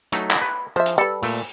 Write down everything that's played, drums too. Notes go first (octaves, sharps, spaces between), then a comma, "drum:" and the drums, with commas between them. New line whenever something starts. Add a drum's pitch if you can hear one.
F#3 A3 D#4, drum: hi-hat
drum: clap
B4
F3 C5 E5
drum: hi-hat
G3 A4 B4
A#2 A3, drum: open hi-hat